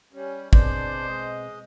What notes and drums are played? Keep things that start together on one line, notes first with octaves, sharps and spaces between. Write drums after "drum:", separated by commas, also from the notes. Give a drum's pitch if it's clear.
G3 C#4
B2 G#3 C4 D4 B4 C5 D5, drum: kick
G#3 D#5